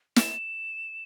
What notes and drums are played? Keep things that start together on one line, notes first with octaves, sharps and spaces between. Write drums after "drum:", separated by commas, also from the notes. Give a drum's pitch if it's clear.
E7, drum: snare